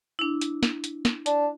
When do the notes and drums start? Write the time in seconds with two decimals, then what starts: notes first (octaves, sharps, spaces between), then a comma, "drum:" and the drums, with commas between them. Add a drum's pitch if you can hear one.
0.19 D4 E4
0.41 drum: hi-hat
0.63 drum: snare
0.84 drum: hi-hat
1.05 drum: snare
1.26 D4, drum: hi-hat